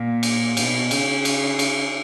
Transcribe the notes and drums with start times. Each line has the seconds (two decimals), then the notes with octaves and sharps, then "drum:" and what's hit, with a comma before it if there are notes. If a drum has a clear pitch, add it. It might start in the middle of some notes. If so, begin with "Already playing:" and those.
Already playing: A#2
0.23 drum: cymbal
0.57 B2, drum: cymbal
0.91 C#3, drum: cymbal
1.25 drum: cymbal
1.59 drum: cymbal